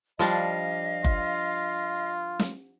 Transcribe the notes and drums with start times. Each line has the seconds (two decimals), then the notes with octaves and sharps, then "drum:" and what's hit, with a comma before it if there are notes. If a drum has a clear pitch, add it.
0.19 F3 G3 D4 D#5 F5
1.04 F4, drum: kick F#1
2.39 drum: snare